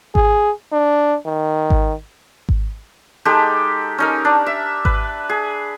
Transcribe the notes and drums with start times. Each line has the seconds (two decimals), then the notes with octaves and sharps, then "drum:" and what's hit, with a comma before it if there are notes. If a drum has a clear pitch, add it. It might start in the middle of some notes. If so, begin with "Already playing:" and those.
0.15 G#4, drum: kick G#1
0.72 D4
1.26 D#3
1.70 drum: kick G#1
2.49 drum: kick G#1
3.25 G#3 D#4 G4 A4
3.98 C#4 D#4 A#4
4.25 D4
4.46 E5
4.85 B4, drum: kick G#1
5.29 G#4